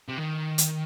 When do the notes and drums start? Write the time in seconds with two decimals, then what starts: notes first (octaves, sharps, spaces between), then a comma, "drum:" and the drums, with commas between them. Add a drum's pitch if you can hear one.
0.09 C3
0.18 D#3
0.58 drum: hi-hat